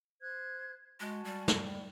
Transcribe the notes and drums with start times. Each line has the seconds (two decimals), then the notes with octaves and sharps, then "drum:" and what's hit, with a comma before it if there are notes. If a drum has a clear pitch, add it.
0.21 C5 F#6 G#6
1.00 G#3 F#4 G#5 A5
1.25 G3
1.48 drum: snare
1.63 G5